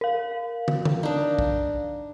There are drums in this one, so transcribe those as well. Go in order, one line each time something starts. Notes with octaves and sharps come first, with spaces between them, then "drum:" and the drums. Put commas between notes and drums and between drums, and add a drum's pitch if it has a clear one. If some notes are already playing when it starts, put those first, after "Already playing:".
A#4 F5
drum: tom
drum: tom
D4 D#4
drum: kick